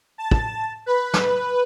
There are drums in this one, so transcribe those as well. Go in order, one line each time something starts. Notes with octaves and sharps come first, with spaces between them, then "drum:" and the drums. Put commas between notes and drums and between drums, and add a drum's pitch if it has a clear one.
A5
drum: kick
B4
drum: snare